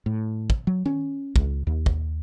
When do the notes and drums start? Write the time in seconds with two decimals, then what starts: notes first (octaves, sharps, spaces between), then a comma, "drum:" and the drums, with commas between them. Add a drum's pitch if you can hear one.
0.06 A2
0.50 drum: kick
0.67 F#3
0.86 C#4, drum: tom D#3
1.36 C#2, drum: kick
1.67 D#2
1.86 drum: kick